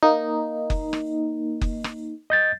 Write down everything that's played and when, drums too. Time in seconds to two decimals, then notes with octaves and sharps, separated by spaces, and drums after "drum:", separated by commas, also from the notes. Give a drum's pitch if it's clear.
0.03 A#3 D#4
0.70 drum: kick F#1
0.93 drum: rim click
1.61 drum: kick F#1
1.84 drum: rim click
2.30 D#5 G6 A6